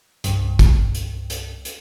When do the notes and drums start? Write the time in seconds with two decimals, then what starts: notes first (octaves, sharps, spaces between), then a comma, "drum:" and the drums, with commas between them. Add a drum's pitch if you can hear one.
0.24 C2 G2, drum: hi-hat
0.59 drum: kick, hi-hat
0.95 drum: hi-hat
1.30 drum: hi-hat
1.65 drum: hi-hat